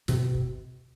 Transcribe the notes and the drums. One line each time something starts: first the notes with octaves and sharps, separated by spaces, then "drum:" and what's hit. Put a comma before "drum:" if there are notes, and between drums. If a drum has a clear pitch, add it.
B2 C4, drum: snare
drum: kick